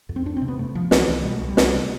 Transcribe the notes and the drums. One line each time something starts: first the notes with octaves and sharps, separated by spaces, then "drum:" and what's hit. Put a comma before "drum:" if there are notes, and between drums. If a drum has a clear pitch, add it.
F2
C4
F2 D4
C4
C3
B3
C3 A3
C3 F3
C2 E3, drum: snare
C2
B2 G3
C2 A3
G3
C2, drum: snare
C3